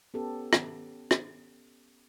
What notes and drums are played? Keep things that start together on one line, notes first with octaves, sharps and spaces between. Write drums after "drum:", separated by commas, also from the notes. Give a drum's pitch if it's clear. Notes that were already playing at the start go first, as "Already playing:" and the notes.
B3 C#4 G4 A4
drum: rim click
drum: rim click